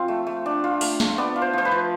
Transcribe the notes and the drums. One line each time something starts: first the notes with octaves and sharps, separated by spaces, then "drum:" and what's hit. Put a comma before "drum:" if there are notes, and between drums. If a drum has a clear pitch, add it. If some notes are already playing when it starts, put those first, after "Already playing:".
Already playing: F3 C4 F4 F5
A3
A3
D4
F4
A3, drum: open hi-hat
A3, drum: snare
B3 D5
F4
C5
F3 C5
B4
F3